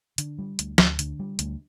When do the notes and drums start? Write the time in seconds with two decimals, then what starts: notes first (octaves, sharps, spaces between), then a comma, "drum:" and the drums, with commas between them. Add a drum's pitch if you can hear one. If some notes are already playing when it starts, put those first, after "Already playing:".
0.18 D3, drum: hi-hat
0.39 G3
0.59 D2, drum: hi-hat
0.78 D2, drum: snare
0.99 D3, drum: hi-hat
1.19 G3
1.39 D2, drum: hi-hat